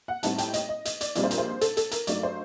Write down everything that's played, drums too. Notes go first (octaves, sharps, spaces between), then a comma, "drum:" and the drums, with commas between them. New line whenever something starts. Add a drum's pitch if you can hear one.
F#5
A2 G3 C4 D#4 A5, drum: hi-hat
G5, drum: hi-hat
D#5, drum: hi-hat
D#5
D#5, drum: hi-hat
D5, drum: hi-hat
A#1 A#2 G3 C4 D#4 D5, drum: hi-hat
C5
A#4, drum: hi-hat
C5
A4, drum: hi-hat
A4, drum: hi-hat
A#4, drum: hi-hat
G2 F#3 A3 D#4 D5, drum: hi-hat
C5